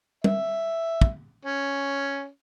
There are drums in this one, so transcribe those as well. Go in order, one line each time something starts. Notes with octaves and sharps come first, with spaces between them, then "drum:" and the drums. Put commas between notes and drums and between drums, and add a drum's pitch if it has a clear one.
E5, drum: tom
drum: kick
C#4